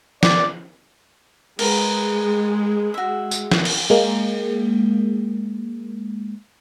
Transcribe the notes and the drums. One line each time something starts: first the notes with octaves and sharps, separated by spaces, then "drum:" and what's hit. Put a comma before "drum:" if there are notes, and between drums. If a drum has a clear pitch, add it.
D5, drum: snare
G#3 A#4 B4, drum: cymbal
F#4 E5
drum: tambourine
drum: snare
drum: cymbal
G#3 A#3